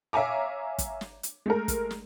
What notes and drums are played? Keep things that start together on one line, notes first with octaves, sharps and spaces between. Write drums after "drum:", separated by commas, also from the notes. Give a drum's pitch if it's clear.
C#5 E5 F5 G#5 A#5 D6
drum: kick, hi-hat
drum: snare
drum: hi-hat
G#3 A3 A#4
drum: kick, hi-hat
drum: snare